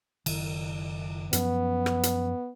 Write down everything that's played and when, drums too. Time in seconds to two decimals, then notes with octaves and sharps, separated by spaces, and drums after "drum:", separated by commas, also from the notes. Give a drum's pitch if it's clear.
0.26 F#1 D#3, drum: cymbal
1.33 F#2 F3 B3 C#4, drum: hi-hat
1.86 drum: rim click
2.03 drum: hi-hat